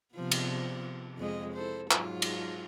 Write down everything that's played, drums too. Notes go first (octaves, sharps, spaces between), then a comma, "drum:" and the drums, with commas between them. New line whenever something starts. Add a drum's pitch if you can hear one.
C3 F3 B3
drum: cymbal
F2 G#3 D#5
E4 A4 C5
G#2 F#3 F4, drum: clap
drum: cymbal